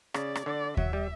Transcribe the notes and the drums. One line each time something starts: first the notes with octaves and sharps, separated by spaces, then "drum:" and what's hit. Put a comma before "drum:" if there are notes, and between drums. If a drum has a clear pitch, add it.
C#3 D5, drum: rim click
drum: rim click
D3 D5
F#3 E5, drum: kick D#2
G3